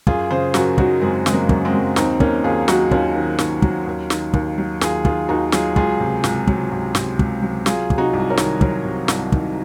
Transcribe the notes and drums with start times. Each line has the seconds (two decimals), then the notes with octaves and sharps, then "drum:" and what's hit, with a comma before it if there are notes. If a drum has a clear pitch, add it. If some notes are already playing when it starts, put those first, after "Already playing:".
0.07 F#2 F4 G#4, drum: kick
0.31 C#3 G#4 C5
0.54 F#2 F#4 A#4, drum: snare
0.78 F#3 D#4 F#4, drum: kick
1.02 F#2 G#3 C4
1.26 C#3 G#3, drum: snare
1.33 F#3 A#3
1.49 F#2, drum: kick
1.65 G#3 C4
1.73 F#3
1.96 D#2 C4 D#4, drum: snare
2.20 D#3 A#3 C#4, drum: kick
2.44 D#2 F4 G#4
2.68 F#3 D#4 F#4, drum: snare
2.91 D#2 C#4 F4, drum: kick
3.16 D#3
3.39 D#2, drum: snare
3.62 F#3, drum: kick
3.86 D#2
4.10 D#3, drum: snare
4.34 D#2, drum: kick
4.58 F#3
4.81 D#2 F4 G#4, drum: snare
5.05 D#3 F4 G#4, drum: kick
5.29 D#2 D#4 F#4
5.52 F#3 F4 G#4, drum: snare
5.76 C#2 F4 G#4, drum: kick
6.00 C3
6.24 C#2, drum: snare
6.48 F#3, drum: kick
6.72 C#2
6.95 C3, drum: snare
7.19 C#2, drum: kick
7.42 F#3
7.66 F#3 F4 G#4, drum: snare
7.90 C3, drum: kick
7.98 D#4 F#4
8.13 C2
8.30 A#4 C#5
8.37 D#3, drum: snare
8.61 F#3 A#4 C#5, drum: kick
8.85 C3
9.08 C2, drum: snare
9.32 D#3, drum: kick